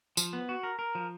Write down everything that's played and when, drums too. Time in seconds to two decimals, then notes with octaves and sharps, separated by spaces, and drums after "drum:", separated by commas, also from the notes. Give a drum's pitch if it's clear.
0.17 F3, drum: tambourine
0.33 B3
0.49 F#4
0.63 A#4
0.79 A#4
0.95 F3